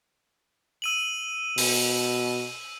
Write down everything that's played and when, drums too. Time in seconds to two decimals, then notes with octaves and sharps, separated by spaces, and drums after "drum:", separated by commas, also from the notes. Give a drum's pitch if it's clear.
0.82 E6 D#7 F#7
1.58 B2, drum: open hi-hat